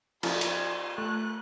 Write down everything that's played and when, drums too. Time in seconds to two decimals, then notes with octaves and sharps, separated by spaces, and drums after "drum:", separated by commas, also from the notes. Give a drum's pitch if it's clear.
0.23 F3 D4 G4 D#5 C6, drum: cymbal
0.41 drum: hi-hat
0.98 A3 F#6